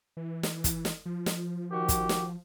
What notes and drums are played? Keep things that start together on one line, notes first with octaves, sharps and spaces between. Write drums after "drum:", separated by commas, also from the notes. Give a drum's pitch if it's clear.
E3
drum: snare
drum: kick, hi-hat
drum: snare
F3
drum: snare
D#3 F#4 G4
drum: kick, hi-hat
drum: snare